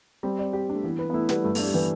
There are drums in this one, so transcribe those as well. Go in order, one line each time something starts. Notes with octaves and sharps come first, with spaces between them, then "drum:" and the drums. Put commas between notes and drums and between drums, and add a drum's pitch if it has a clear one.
G3 C4
D5
G4
D4
A3
E3 B3
B4
B3
A3 E4
G3 B3, drum: snare
G2 A3
A3 D4, drum: open hi-hat
G3
E3 B3